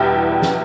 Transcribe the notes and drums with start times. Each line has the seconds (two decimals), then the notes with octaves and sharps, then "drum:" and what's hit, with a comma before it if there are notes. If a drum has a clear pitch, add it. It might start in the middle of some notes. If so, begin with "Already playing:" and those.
Already playing: E2 B2 G3 E4 G4
0.42 drum: snare